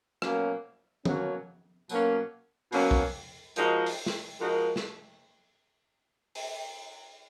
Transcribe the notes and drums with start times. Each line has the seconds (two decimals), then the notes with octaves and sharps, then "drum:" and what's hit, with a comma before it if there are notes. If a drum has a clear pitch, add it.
0.22 B2 F#3 A#3 C#4, drum: rim click
1.05 B2 F#3 A#3 C#4, drum: tom D#3
1.89 B2 F#3 A#3 C#4, drum: tambourine
2.72 B2 F#3 A#3 C#4, drum: open hi-hat
2.91 drum: kick
3.56 F3 G#3 D#4 F#4 A#4, drum: hi-hat
3.86 drum: open hi-hat
4.06 drum: snare
4.40 F3 G#3 D#4 F#4 A#4
4.76 drum: snare
6.35 drum: open hi-hat